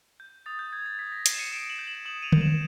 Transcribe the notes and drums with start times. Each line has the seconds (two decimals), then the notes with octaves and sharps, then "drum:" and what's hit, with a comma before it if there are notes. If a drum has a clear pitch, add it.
0.20 G6
0.46 D#6 A6
0.59 G6
0.73 G6 G#6
0.86 A6
0.99 D#6 B6
1.12 A#6
1.26 G6 C7, drum: hi-hat
1.34 E7
1.39 C#7 D#7
1.52 D#6 D7 E7
1.69 E7 F#7
1.79 G6
1.87 E7 F#7
2.05 D#6 E7 F#7
2.23 D#7 F7
2.32 G6, drum: tom
2.41 E7 F#7